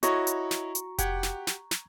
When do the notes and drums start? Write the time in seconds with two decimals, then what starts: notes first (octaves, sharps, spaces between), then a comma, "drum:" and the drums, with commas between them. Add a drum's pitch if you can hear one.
0.03 E4 F#4 C#5 D#5 A#5 C#6, drum: hi-hat
0.27 drum: hi-hat
0.51 drum: snare
0.75 drum: hi-hat
0.98 G4 F#5 G#6, drum: kick F1, hi-hat
1.23 drum: snare
1.47 drum: snare
1.71 drum: snare